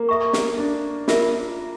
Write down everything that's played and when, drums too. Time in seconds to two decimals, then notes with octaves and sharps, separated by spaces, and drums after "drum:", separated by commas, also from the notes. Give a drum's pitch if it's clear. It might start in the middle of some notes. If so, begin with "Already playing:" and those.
Already playing: A#3
0.09 A4 E5 A#5 C#6
0.33 drum: snare
0.58 D4
1.08 F4 A#4 E5, drum: snare